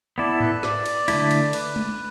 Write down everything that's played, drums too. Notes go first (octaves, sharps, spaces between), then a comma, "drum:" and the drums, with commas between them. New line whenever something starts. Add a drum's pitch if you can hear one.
B3 E4 A4 D5
B4, drum: tom G#2
D5, drum: snare
drum: cymbal
D3 A3 E4, drum: cymbal
drum: cymbal
B4, drum: cymbal
drum: tom G#3